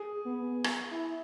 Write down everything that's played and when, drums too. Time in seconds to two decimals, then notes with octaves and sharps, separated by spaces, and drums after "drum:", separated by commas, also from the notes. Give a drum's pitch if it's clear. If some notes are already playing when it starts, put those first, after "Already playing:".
Already playing: G#4
0.25 B3
0.64 drum: rim click
0.91 E4